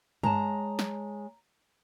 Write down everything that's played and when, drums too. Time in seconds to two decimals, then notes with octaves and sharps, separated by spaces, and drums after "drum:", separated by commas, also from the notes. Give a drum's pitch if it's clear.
0.23 G#3 C#5 A5 A#5, drum: tom G2
0.79 drum: snare